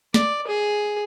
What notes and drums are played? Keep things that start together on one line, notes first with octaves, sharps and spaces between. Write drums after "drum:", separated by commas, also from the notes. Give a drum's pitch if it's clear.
D5, drum: snare
G#4